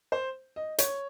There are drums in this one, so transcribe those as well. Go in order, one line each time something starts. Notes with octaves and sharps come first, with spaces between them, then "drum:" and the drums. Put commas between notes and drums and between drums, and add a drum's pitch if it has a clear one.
C5
D#5
C#5, drum: hi-hat